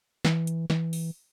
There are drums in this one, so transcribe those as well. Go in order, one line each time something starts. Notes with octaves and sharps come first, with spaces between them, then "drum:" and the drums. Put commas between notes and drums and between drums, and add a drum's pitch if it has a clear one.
E3, drum: snare
drum: hi-hat
E3, drum: snare
drum: open hi-hat